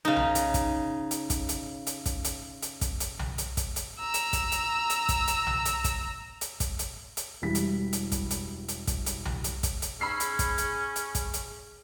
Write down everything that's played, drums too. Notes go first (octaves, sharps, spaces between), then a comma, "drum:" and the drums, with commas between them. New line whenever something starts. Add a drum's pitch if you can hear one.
C#3 D#4
drum: tom B1
drum: hi-hat
drum: kick, hi-hat
drum: hi-hat
drum: kick, hi-hat
drum: hi-hat
drum: hi-hat
drum: kick, hi-hat
drum: hi-hat
drum: hi-hat
drum: kick, hi-hat
drum: hi-hat
drum: tom B1
drum: hi-hat
drum: kick, hi-hat
drum: hi-hat
A#5 E6
drum: hi-hat
drum: kick, hi-hat
drum: hi-hat
drum: hi-hat
drum: kick, hi-hat
drum: hi-hat
drum: tom B1
drum: hi-hat
drum: kick, hi-hat
drum: hi-hat
drum: kick, hi-hat
drum: hi-hat
drum: hi-hat
E1 E3 G3 B6
drum: hi-hat
drum: hi-hat
drum: kick, hi-hat
drum: hi-hat
drum: hi-hat
drum: kick, hi-hat
drum: hi-hat
drum: tom B1
drum: hi-hat
drum: kick, hi-hat
drum: hi-hat
C#4 G#4 B5 E6 C7
drum: hi-hat
drum: kick, hi-hat
drum: hi-hat
drum: hi-hat
drum: kick, hi-hat
drum: hi-hat